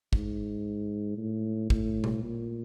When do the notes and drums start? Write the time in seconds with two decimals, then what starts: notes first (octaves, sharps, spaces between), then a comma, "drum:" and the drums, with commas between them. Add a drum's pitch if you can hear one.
0.13 G#2, drum: kick
1.18 A2
1.70 A2, drum: kick
2.04 drum: tom
2.23 A#2